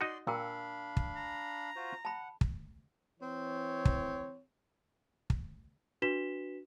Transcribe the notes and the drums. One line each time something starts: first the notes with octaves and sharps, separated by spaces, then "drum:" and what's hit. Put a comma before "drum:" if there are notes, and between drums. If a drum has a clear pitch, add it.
D#4 F#4 D5 D#5 C6
A#2 D4 A#4 F5 G5 B5 E6
drum: kick
A#5
F4 F#4 C5
F#5 A5 B5
drum: kick
E3 C4 C#5
drum: kick
drum: kick
D4 F#4 B4 B6 E7 G7